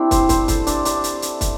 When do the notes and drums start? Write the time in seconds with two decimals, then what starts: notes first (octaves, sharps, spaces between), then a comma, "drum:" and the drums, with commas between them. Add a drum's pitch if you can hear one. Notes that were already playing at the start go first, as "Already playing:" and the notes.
Already playing: C4 D4 E4 G4
0.11 C5, drum: kick, hi-hat
0.29 C5, drum: kick, hi-hat
0.48 A4, drum: kick, hi-hat
0.67 D4, drum: hi-hat
0.85 D4, drum: hi-hat
1.04 drum: hi-hat
1.22 drum: hi-hat
1.41 drum: kick, hi-hat